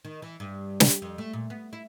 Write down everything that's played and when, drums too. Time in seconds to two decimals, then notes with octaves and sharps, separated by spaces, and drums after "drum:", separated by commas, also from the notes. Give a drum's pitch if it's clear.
0.05 D#3
0.22 E3
0.40 G2
0.80 G4, drum: snare
1.02 F2
1.18 A3
1.33 A#2
1.50 B3
1.73 E4